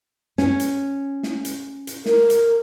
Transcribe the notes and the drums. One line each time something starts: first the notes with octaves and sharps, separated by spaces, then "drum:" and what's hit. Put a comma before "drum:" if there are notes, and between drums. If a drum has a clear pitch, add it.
C#4, drum: snare
drum: hi-hat
drum: snare
drum: hi-hat
drum: hi-hat
A#4, drum: snare
drum: hi-hat